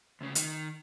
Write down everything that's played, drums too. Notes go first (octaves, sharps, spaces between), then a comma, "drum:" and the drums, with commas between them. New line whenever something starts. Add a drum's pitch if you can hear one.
D2 C#3
D#3, drum: hi-hat